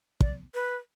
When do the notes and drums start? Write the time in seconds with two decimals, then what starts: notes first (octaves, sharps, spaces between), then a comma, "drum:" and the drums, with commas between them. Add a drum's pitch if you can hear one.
0.21 D5, drum: kick
0.54 B4